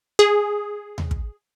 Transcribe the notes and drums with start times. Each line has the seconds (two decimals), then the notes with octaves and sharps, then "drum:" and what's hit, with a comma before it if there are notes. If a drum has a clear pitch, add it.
0.19 G#4
0.98 drum: tom D#2
1.11 drum: kick